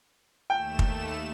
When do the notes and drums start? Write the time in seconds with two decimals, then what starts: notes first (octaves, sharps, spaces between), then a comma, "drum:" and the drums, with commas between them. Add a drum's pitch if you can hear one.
0.50 D#2 A3 G5 E7
0.79 drum: kick